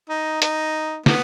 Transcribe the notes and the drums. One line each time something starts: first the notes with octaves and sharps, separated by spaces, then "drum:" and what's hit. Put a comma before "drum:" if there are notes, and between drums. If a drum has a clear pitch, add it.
D#4
D#4, drum: hi-hat
B3, drum: snare